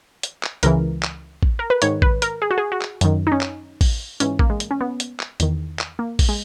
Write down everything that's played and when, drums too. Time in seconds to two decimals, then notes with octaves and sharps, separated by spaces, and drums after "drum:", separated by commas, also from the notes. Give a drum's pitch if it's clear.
0.23 drum: hi-hat
0.43 drum: clap
0.63 C#2 C#3 E3 A#4, drum: hi-hat
1.03 drum: clap
1.43 drum: kick A1
1.59 A#4
1.70 B4
1.82 G#2 D#3 C#5, drum: hi-hat
2.02 B4, drum: kick A1
2.22 A#4, drum: hi-hat
2.42 G#4
2.51 F#4
2.58 G#4
2.72 F#4
2.82 drum: clap
3.01 F#2 D#3, drum: hi-hat
3.27 D#4
3.32 C#4
3.41 drum: clap
3.81 drum: kick A1, open hi-hat
4.20 G#2 E3 C#4, drum: hi-hat
4.39 A#3, drum: kick A1
4.50 G#3
4.60 drum: hi-hat
4.71 C#4
4.81 B3
5.00 drum: hi-hat
5.20 drum: clap
5.40 E2 D#3, drum: hi-hat
5.79 drum: clap
5.99 A#3
6.19 drum: kick A1, open hi-hat
6.29 G#3